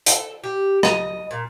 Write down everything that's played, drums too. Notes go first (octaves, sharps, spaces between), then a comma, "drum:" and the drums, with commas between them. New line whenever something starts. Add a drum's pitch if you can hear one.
A4, drum: hi-hat
G4
D#5, drum: rim click
A#2